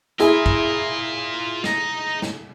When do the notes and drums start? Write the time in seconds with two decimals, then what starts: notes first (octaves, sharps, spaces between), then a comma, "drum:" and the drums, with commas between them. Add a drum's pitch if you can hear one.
0.20 E4 F4 G#4 A#4, drum: hi-hat
0.46 drum: kick
1.64 D#4 A#5, drum: snare
2.22 drum: snare